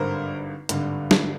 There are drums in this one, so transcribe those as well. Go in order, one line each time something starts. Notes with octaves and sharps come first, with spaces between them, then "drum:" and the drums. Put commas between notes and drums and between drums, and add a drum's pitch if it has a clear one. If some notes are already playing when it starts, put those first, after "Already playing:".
Already playing: G#1 G2 D3 A#4 C5
G#1 G2 D3, drum: hi-hat
drum: snare